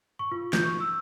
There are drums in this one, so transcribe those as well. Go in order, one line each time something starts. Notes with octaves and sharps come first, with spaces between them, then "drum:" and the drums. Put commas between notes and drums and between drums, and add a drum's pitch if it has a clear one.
C#6
F4
G6, drum: snare
C#6
E6